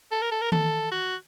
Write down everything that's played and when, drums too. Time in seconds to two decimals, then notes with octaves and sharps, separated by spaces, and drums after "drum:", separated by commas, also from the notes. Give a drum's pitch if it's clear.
0.11 A4
0.22 A#4
0.31 A4
0.41 A#4
0.52 A4, drum: tom D#3
0.91 F#4